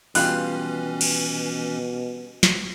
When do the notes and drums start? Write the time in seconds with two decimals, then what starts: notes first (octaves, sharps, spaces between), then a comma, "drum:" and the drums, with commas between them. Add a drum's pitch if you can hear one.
0.15 B2 E3 G3 C#4 F4 G4 F#6, drum: open hi-hat
1.01 drum: cymbal
2.43 drum: snare